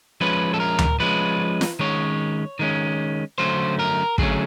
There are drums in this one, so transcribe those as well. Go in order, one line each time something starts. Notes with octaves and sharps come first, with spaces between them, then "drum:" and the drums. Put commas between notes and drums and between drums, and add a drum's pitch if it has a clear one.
F3 G#3 C#4 B4
A4
A#4
drum: tom D2
F3 G#3 C#4 B4
drum: snare
D#3 G#3 C#4 C#5
D#3 G#3 C#4
D3 F#3 A3 C#4 C5
A#4
D3 F#3 A3 C#4 G#4, drum: kick